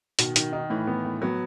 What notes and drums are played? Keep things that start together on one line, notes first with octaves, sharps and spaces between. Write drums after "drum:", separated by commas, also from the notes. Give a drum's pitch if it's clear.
B2 D#3, drum: hi-hat
B2 D#3, drum: hi-hat
D#3 D#4
A2 E3
B3
A2
F#3 B3